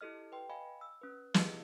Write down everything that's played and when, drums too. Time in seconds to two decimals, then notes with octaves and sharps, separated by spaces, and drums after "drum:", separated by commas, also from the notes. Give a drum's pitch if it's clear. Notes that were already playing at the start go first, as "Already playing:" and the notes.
0.01 E4 G4 A4 D#5 F6
0.32 B4 G5 C6
0.50 D#5 F5 G#5 B5
0.81 E6
1.01 C#4 B4
1.34 E4 G4 G#4 D#5 F5, drum: snare